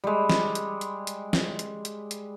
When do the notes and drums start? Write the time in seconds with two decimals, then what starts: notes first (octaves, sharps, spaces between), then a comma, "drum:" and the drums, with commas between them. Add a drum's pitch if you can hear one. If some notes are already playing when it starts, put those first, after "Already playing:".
0.04 G3 G#3
0.29 drum: snare
0.55 drum: hi-hat
0.81 drum: hi-hat
1.07 drum: hi-hat
1.33 drum: snare
1.59 drum: hi-hat
1.85 drum: hi-hat
2.11 drum: hi-hat